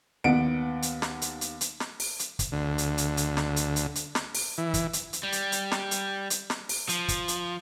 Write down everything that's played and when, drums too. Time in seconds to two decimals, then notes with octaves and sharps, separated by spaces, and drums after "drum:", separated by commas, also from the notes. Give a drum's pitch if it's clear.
0.24 D#2 B3 F#5 D7
0.82 drum: hi-hat
1.02 drum: snare
1.22 drum: hi-hat
1.41 drum: hi-hat
1.61 drum: hi-hat
1.80 drum: snare
2.00 drum: open hi-hat
2.19 drum: hi-hat
2.39 drum: kick, hi-hat
2.52 D2
2.78 drum: hi-hat
2.98 drum: hi-hat
3.17 drum: hi-hat
3.37 drum: snare
3.56 drum: hi-hat
3.76 drum: hi-hat
3.95 drum: hi-hat
4.15 drum: snare
4.35 drum: open hi-hat
4.58 E3
4.74 drum: kick, hi-hat
4.93 drum: hi-hat
5.13 drum: hi-hat
5.23 G3
5.32 drum: hi-hat
5.52 drum: hi-hat
5.72 drum: snare
5.91 drum: hi-hat
6.30 drum: hi-hat
6.50 drum: snare
6.69 drum: open hi-hat
6.89 F3, drum: hi-hat
7.08 drum: kick, hi-hat
7.28 drum: hi-hat